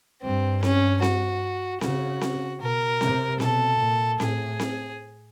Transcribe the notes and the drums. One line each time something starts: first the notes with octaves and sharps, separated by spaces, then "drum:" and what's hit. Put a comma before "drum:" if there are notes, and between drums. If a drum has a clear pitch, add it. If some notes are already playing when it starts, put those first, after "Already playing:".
G2 C4
C#4, drum: snare C4
F#4, drum: snare C4
C#3 F#4, drum: snare C4
drum: snare C4
B2 A#4
C3, drum: snare C4
B2 A4, drum: snare C4
A#2
A2 G#4, drum: snare C4
drum: snare C4